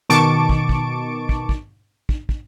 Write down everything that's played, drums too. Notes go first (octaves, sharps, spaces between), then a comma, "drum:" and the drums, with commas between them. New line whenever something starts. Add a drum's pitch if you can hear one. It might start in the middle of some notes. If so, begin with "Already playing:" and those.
B2 D#3 A5 C#6 D6 D7
drum: kick
drum: kick
drum: kick
drum: kick
drum: kick
drum: kick